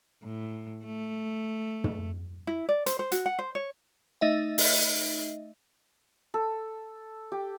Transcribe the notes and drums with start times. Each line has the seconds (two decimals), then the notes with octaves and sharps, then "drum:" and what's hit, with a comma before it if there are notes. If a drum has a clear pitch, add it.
0.23 A2
0.84 A3
1.84 drum: tom
2.47 E4
2.69 D5
2.86 C5, drum: hi-hat
2.99 C5
3.12 F#4, drum: hi-hat
3.26 F#5
3.39 C5
3.55 C#5
4.21 A3 D#4 D#5 E5
4.58 drum: open hi-hat
6.34 A4
7.32 G4